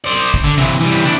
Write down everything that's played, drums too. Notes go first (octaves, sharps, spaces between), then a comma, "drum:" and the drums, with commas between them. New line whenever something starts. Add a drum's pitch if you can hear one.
C5 D5
drum: kick
D3
C3 E3
E3 G3
D4 E4